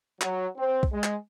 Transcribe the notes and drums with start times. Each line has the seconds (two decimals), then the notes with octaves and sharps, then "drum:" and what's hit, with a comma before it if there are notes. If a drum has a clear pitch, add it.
0.21 F#3, drum: clap
0.57 C4
0.83 drum: kick
0.93 G#3
1.04 drum: clap